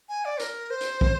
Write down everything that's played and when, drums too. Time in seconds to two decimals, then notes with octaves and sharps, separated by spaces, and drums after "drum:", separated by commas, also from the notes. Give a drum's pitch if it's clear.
0.09 G#5
0.25 D5
0.40 A#4, drum: hi-hat
0.70 C5
0.81 drum: hi-hat
1.01 drum: kick